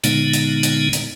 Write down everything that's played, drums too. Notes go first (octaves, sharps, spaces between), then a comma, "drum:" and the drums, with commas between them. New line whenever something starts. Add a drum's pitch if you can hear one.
A#2 D3 G#3 B3 D#4, drum: hi-hat
drum: hi-hat
drum: hi-hat
drum: hi-hat